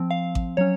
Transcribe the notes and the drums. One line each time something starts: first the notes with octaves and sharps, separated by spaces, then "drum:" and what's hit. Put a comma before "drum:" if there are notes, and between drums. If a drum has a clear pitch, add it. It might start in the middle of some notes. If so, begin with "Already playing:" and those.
Already playing: F3 C4
F5
drum: kick A1
F#3 C#4 C#5